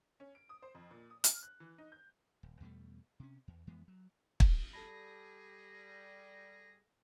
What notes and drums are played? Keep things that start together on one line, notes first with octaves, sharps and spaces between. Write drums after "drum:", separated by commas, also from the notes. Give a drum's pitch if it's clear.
C#4
D7
D#6
C5
F2
A#2
D#6
F6, drum: hi-hat
F#6
E3
D#4
G6
D#1
E2 B2 G3 A3
C3 C#4
E2
F2 E3 G#3 B3
F#3
drum: kick
G3 G#4 A4 A5 B5 A#6